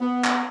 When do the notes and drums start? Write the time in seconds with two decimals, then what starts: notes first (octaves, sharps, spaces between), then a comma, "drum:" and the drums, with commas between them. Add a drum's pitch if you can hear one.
0.01 B3
0.24 drum: clap